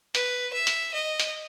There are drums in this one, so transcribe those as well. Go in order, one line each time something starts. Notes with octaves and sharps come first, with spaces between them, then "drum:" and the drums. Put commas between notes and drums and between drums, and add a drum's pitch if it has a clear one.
B4, drum: hi-hat
E5
drum: hi-hat
D#5
drum: hi-hat